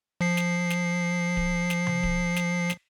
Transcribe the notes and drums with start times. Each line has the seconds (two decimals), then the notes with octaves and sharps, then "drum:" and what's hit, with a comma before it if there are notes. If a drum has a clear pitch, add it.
0.21 F3 C7
0.37 drum: snare
0.70 drum: snare
1.37 drum: kick D1
1.70 drum: snare
1.87 drum: tom C3
2.03 drum: kick D1
2.36 drum: snare
2.70 drum: snare